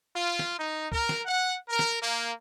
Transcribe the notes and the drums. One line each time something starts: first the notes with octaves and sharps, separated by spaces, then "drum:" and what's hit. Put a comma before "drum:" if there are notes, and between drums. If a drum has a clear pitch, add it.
F4
drum: snare
D#4
A#4, drum: kick
drum: snare
F#5
A#4
drum: snare
A#3